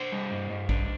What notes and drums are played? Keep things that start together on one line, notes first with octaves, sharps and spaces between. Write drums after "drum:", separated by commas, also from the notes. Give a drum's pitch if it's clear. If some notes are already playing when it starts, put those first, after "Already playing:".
Already playing: D4 C5
G3
G2
G2
D4, drum: kick